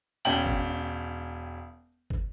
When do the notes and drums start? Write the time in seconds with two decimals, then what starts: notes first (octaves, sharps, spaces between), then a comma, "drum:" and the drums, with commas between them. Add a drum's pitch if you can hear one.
0.25 E1 C#4 G5 F#7, drum: hi-hat
0.46 drum: kick
2.10 drum: kick